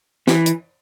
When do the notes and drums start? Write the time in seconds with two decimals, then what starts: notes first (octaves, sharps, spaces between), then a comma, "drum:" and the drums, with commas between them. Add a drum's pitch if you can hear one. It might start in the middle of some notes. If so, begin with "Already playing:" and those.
0.28 E3, drum: snare
0.46 drum: hi-hat